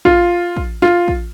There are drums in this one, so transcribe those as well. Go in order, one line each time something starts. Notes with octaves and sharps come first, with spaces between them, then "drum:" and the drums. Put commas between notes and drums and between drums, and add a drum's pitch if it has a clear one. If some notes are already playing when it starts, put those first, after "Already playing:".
F4, drum: kick
drum: kick
F4, drum: snare
drum: kick